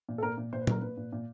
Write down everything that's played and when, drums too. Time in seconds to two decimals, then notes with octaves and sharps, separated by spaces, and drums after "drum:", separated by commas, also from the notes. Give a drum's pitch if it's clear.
0.09 A#2
0.18 A4
0.23 A#2 A#4
0.38 A#2
0.53 A#2 C5
0.61 B4
0.67 A#2 A#4, drum: tom A#2
0.81 A#2 B4
0.97 A#2
1.13 A#2